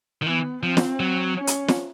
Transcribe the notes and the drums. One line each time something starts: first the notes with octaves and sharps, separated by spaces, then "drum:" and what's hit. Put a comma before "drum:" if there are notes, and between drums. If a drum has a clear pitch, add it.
D#3
E3 B3
F3 C4
drum: snare
F#3
C#4
drum: hi-hat
drum: snare